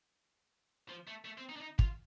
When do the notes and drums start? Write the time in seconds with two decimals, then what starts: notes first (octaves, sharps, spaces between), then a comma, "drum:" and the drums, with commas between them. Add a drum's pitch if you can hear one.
0.89 F3
1.07 A3
1.24 A3
1.37 C4
1.49 D#4
1.56 D4
1.61 D#4
1.79 F4, drum: kick